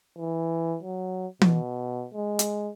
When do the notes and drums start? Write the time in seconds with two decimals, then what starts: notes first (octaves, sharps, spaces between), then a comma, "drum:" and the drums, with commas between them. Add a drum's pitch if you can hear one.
0.17 E3
0.83 F#3
1.42 B2, drum: tom E3
2.14 G#3
2.39 drum: hi-hat